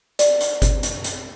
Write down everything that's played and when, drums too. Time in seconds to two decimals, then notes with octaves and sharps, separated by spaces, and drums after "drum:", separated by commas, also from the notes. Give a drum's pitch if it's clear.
0.19 D5, drum: hi-hat
0.41 drum: hi-hat
0.62 drum: kick G1, hi-hat
0.83 drum: hi-hat
1.04 drum: hi-hat